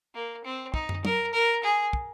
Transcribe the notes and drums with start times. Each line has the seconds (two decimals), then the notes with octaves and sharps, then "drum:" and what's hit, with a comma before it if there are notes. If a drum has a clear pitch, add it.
0.15 A#3
0.45 C4
0.74 D#4, drum: kick
0.89 drum: tom
1.05 A#4, drum: tom F#3
1.33 A#4
1.63 G#4
1.93 drum: kick